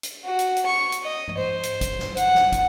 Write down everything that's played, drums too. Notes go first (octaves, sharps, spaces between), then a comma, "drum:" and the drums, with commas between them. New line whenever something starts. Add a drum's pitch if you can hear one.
drum: hi-hat
F#4
drum: hi-hat
drum: hi-hat
C#6
drum: hi-hat
D#5
drum: tom
C5
drum: hi-hat
drum: kick, hi-hat
drum: snare
F#5, drum: hi-hat
drum: snare
drum: kick, hi-hat